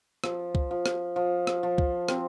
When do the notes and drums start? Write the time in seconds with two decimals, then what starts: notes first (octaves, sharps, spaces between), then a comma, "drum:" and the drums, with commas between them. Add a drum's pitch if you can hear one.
0.24 F3, drum: rim click
0.55 drum: kick C#2
0.71 F3
0.86 drum: rim click
1.16 F3
1.47 drum: rim click
1.63 F3
1.78 drum: kick C#2
2.08 C4, drum: rim click